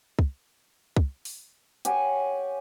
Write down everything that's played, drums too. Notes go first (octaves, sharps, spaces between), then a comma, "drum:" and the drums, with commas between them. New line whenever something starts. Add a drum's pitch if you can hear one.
drum: kick
drum: kick
drum: open hi-hat
G4 C#5 F#5 G#5, drum: hi-hat